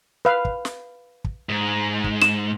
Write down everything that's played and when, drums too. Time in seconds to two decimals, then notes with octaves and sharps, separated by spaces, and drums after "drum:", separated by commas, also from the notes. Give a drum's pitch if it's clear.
0.25 B4 F5
0.45 drum: kick
0.65 drum: snare
1.25 drum: kick
1.49 G#2
2.04 drum: kick
2.22 E7, drum: snare